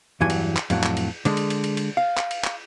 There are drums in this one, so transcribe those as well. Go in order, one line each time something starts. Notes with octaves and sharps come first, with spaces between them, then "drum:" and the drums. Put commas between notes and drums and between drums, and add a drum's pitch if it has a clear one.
E2 G2 E3 F#3 G#5
drum: cymbal
drum: clap
F2 A2 F#3, drum: cymbal
drum: clap
drum: cymbal
D3 G#3, drum: cymbal
drum: cymbal
drum: cymbal
drum: cymbal
drum: cymbal
F5
drum: clap
drum: cymbal
drum: clap